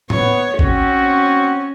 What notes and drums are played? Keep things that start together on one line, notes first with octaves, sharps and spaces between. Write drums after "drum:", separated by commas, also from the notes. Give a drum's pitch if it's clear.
B3 C#5, drum: tom A2
C4 C#4 F#4, drum: kick A1